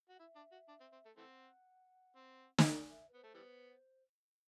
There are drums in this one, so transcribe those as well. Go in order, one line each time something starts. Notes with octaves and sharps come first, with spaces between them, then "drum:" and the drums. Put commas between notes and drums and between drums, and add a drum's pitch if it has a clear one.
F#4
F#5
E4 E5
D4
F#4
D4
C4
C4
A3
E3 A3 C4 F#5
C4
drum: snare
E5
B4
B3 C5
A3
E3 G3 B3